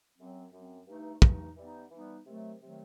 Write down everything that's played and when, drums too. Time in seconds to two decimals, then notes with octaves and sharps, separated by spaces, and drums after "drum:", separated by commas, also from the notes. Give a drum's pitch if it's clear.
0.18 F#2 F#3 C4
0.52 F#2 F#3 C4
0.87 G2 E3 A3 D#4
1.22 G2 E3 A3 D#4, drum: kick
1.57 E3 G3 B3 D#4
1.91 E3 G3 B3 D#4
2.27 C3 D#3 F#3 A3
2.61 C3 D#3 F#3 A3